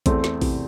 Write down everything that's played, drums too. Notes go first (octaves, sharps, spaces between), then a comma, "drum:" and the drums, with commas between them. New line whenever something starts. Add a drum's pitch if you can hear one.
E2 A3 C4, drum: kick A#1, hi-hat
drum: snare
C3 E3, drum: kick A#1, open hi-hat